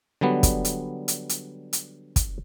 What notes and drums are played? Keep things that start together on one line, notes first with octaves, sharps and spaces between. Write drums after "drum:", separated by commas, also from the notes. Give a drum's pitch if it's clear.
D3 F#3 G3 B3
drum: kick, hi-hat
drum: hi-hat
drum: hi-hat
drum: hi-hat
drum: hi-hat
drum: kick, hi-hat